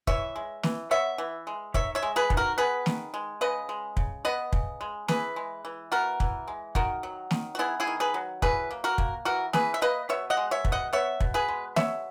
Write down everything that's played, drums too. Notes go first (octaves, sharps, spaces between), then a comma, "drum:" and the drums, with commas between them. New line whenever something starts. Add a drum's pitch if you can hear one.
E3 C#5 E5, drum: kick
G#3
E3, drum: snare
B3 C#5 E5
E3
G#3
D#3 C#5 E5, drum: kick
C#5 E5
G#3
G#4 B4
D#3, drum: kick
F#4 A#4
B3 G#4 B4
D#3, drum: snare
G#3
C#3 B4 D#5
G#3
C#3, drum: kick
B3 B4 D#5
C#3, drum: kick
G#3
E3 G#4 B4, drum: snare
G#3
E3
B3 F#4 A#4
E3, drum: kick
G#3
D#3 F#4 A#4, drum: kick
F#3
D#3, drum: snare
F#4
B3 E4 G#4
E4 G#4
D#3
G#4 B4
F#3
E3 G#4 B4, drum: kick
A#3
F#4 A#4
A#3, drum: kick
E3 F#4 A#4
E3 G#4 B4, drum: snare
E5
A#3 B4 D#5
B2 C#5 E5
D#5 F#5
G#3
C#5 E5
B2, drum: kick
D#5 F#5
B3 C#5 E5
B2, drum: kick
G#4 B4
G#3
B2 C#5 E5, drum: snare